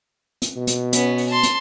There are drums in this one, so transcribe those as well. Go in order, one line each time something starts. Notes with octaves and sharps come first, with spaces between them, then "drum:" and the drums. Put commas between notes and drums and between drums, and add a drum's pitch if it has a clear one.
drum: hi-hat
B2
drum: hi-hat
B3 C#4, drum: hi-hat
drum: open hi-hat
A5 C6
drum: hi-hat